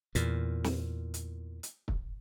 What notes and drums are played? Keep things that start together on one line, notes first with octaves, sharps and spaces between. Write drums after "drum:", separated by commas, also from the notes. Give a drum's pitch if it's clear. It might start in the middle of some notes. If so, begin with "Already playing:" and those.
E2 A#2, drum: hi-hat
drum: snare
drum: hi-hat
drum: hi-hat
drum: kick